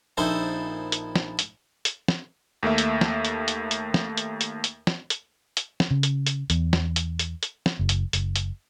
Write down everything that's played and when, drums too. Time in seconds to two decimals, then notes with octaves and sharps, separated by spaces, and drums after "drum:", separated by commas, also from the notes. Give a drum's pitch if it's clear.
0.17 A#1 D#4 E4 A4 C5
0.92 drum: hi-hat
1.16 drum: snare
1.39 drum: hi-hat
1.85 drum: hi-hat
2.08 drum: snare
2.63 D#2 A3 A#3 E5
2.78 drum: hi-hat
3.01 drum: snare
3.25 drum: hi-hat
3.48 drum: hi-hat
3.71 drum: hi-hat
3.94 drum: snare
4.17 drum: hi-hat
4.41 drum: hi-hat
4.64 drum: hi-hat
4.87 drum: snare
5.10 drum: hi-hat
5.57 drum: hi-hat
5.80 drum: snare
5.91 C#3
6.03 drum: hi-hat
6.27 drum: hi-hat
6.50 E2, drum: hi-hat
6.73 drum: snare
6.96 drum: hi-hat
7.19 drum: hi-hat
7.43 drum: hi-hat
7.66 drum: snare
7.79 F#1
7.89 drum: hi-hat
8.13 F#1, drum: hi-hat
8.36 drum: hi-hat